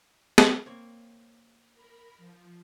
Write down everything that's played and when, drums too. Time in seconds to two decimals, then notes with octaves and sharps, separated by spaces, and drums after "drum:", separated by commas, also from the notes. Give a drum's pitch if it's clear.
0.38 drum: snare
0.66 A#3 C4 C#5
1.74 A#4 B5
2.17 F3